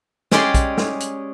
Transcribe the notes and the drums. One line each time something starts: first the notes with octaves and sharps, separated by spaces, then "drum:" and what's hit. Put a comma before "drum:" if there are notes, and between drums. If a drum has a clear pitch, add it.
G#3 C#4 G4 G#4 D5 C6, drum: snare
drum: kick A#1, hi-hat
drum: snare
drum: hi-hat